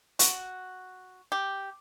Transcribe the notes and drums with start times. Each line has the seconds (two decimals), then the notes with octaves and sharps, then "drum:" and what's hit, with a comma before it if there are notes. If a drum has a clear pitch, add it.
0.19 F#4, drum: hi-hat
1.32 G4